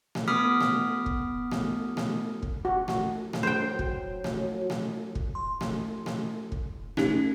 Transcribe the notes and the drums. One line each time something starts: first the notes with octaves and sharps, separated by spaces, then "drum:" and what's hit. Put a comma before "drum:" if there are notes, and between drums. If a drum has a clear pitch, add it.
drum: snare A3
B3 B5 D6 D#6 F6 B6
drum: snare A3
drum: kick
drum: snare A3
drum: snare A3
drum: kick
F#4
drum: snare A3
drum: snare A3
F#3 C5 G5
drum: kick
drum: snare A3
drum: snare A3
drum: kick
C6
drum: snare A3
drum: snare A3
drum: kick
C#4 D#4 G4, drum: snare A3